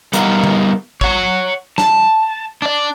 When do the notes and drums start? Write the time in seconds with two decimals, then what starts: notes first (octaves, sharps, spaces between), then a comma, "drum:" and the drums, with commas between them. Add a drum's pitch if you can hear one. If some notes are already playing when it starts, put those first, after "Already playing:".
0.13 G3 B3 D#4 A#4 F5 F#5, drum: hi-hat
0.44 drum: tom D3
1.01 C#5 F#5, drum: kick
1.78 A5, drum: snare
2.62 D4 D5